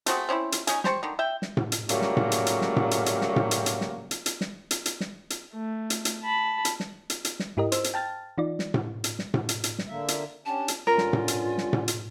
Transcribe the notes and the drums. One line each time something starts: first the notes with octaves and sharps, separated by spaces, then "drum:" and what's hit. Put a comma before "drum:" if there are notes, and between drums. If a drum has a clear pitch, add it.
A3 C4 F#4 G#4, drum: hi-hat
C4 C#4 D#4 E4
drum: hi-hat
C#4 D#4 G#5, drum: hi-hat
G4 C5 A5 C#6, drum: snare
D3 D#3
E5 G5
drum: snare
drum: tom A2
drum: hi-hat
A#2 C#3 F#3 G3 A3 A#3, drum: hi-hat
drum: snare
drum: tom A2
drum: hi-hat
drum: hi-hat
drum: snare
drum: tom A2
drum: hi-hat
drum: hi-hat
drum: snare
drum: tom A2
drum: hi-hat
drum: hi-hat
drum: snare
drum: hi-hat
drum: hi-hat
drum: snare
drum: hi-hat
drum: hi-hat
drum: snare
drum: hi-hat
A3
drum: hi-hat
drum: hi-hat
A5 B5
drum: hi-hat
drum: snare
drum: hi-hat
drum: hi-hat
drum: snare
G#2 E4 G4 A#4 D#5
C5 E6, drum: hi-hat
drum: hi-hat
G5 A5 F6 A6
E3 D#4 F4 D5
drum: snare
drum: tom A2
drum: hi-hat
drum: snare
drum: tom A2
drum: hi-hat
drum: hi-hat
drum: snare
D3 A#3 E5
drum: hi-hat
C#4 D4 G4 A5
drum: hi-hat
G2 D3 C#4 F4 A#4
drum: snare
drum: tom A2
drum: hi-hat
drum: snare
drum: tom A2
drum: hi-hat